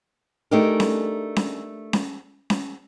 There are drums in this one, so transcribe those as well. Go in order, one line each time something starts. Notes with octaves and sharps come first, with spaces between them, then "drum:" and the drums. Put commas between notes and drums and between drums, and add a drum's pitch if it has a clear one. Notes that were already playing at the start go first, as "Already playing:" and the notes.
A3 D4 D#4 G4 G#4 A#4
drum: snare C#4
drum: snare C#4
drum: snare C#4
drum: snare C#4